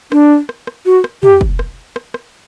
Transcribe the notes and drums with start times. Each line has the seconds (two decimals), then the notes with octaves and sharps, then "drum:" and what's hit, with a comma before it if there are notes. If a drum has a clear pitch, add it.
0.12 D4, drum: rim click
0.49 drum: rim click
0.67 drum: rim click
0.86 F#4
1.04 drum: rim click
1.23 G4, drum: tom
1.41 drum: kick
1.59 drum: rim click
1.96 drum: rim click
2.14 drum: rim click